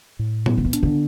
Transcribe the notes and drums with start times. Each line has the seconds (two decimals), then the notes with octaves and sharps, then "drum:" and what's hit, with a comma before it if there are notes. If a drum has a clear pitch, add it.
0.19 A2
0.46 B3, drum: tom A#2
0.58 D3
0.65 E3
0.73 D4, drum: hi-hat
0.83 D3